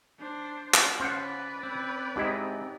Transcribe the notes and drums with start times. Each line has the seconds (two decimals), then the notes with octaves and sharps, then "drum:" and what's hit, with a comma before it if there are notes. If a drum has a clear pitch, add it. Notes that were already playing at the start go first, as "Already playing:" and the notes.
0.19 D4 C5
0.74 drum: clap
1.00 C#4 B4 C5 D5 F5 F#5
1.63 C4
2.16 G#2 D#4 E4 G4 D#5